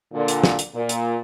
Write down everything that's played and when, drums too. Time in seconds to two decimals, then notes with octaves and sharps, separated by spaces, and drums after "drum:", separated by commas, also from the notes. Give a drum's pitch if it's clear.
0.13 A#2 D3
0.28 drum: hi-hat
0.44 drum: snare
0.59 drum: hi-hat
0.74 A#2
0.89 drum: hi-hat